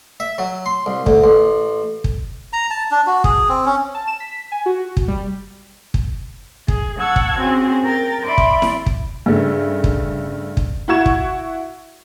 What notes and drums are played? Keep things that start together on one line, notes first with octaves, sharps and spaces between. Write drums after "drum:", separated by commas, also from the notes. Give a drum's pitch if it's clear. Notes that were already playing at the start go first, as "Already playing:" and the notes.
E5
F#3
C6
C2
D2, drum: kick
A1
drum: kick
A#5
A5
D4
F#4
G#4, drum: kick
C4
C#4
A5
E7
B6
G#5
F#4
drum: kick
G3
drum: kick
G#4, drum: kick
F#5 A5 C#6 E6 G#6
drum: kick
C4 C#4 F#4 G#4
A#4 G5 A6
D5 E5 B5 C6 D6
drum: kick
drum: snare E4
drum: kick
G2 C#3 A3
drum: kick
drum: kick
E4 F#4 F#5 C#6 G#6 E7
drum: kick